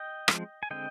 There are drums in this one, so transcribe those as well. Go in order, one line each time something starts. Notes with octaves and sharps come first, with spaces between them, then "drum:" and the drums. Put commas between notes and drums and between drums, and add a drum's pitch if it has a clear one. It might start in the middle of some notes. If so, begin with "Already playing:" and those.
Already playing: D#5 G5
F3 G#3 C4, drum: rim click
G#5
D3 G#3 C4 D#5 G5